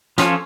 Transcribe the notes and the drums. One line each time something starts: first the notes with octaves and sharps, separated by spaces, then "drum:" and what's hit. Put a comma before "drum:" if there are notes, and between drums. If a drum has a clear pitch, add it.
F3 C#4 F4 A4 C#5, drum: hi-hat